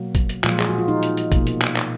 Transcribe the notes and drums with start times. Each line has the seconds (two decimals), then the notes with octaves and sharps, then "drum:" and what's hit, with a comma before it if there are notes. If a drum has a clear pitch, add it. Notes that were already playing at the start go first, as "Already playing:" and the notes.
Already playing: B2 F#3 A#3 F#4
0.15 drum: kick, hi-hat
0.29 drum: hi-hat
0.44 A#2 F3 G#3 F4, drum: clap
0.59 G#4, drum: clap
0.69 F#4
0.78 F4
0.88 D#4
1.03 drum: hi-hat
1.17 drum: hi-hat
1.32 B2 A#3, drum: kick, hi-hat
1.47 drum: hi-hat
1.61 drum: clap
1.76 drum: clap